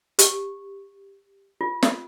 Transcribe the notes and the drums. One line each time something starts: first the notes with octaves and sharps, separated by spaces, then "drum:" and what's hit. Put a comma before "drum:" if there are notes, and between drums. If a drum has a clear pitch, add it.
G4, drum: hi-hat
F4
drum: snare